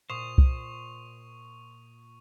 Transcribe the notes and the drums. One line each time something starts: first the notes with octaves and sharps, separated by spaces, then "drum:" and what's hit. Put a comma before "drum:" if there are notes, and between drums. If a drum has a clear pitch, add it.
A#2 C5 C#6 D#6 F7
drum: kick C2